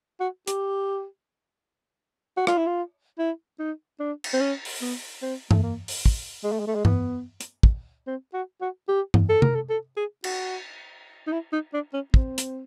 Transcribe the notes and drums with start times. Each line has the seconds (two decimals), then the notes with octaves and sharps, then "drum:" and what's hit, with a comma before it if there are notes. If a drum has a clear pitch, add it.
0.20 F#4
0.47 G4, drum: hi-hat
2.37 F#4
2.47 F4, drum: rim click
2.57 E4
2.67 F4
3.19 E4
3.59 D#4
4.00 D4
4.24 drum: cymbal
4.33 C4
4.41 C#4
4.65 drum: open hi-hat
4.81 B3
5.22 C4
5.51 A3, drum: tom G2
5.63 A#3
5.88 drum: open hi-hat
6.06 drum: kick
6.44 G#3
6.52 A3
6.59 G#3
6.67 A3
6.75 G#3
6.85 B3, drum: tom G2
7.41 drum: hi-hat
7.63 drum: kick
8.07 C4
8.33 F#4
8.61 F#4
8.88 G4
9.14 drum: tom G2
9.29 A4
9.42 A#4, drum: tom C3
9.55 A4
9.70 A4
9.97 G#4
10.24 F#4, drum: cymbal
11.27 D#4
11.32 E4
11.52 D#4
11.74 D4
11.93 C#4
12.14 C4, drum: kick
12.38 drum: hi-hat